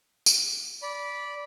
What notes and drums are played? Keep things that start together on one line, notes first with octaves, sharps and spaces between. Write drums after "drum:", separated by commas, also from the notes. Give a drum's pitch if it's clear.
drum: tambourine
D5 B5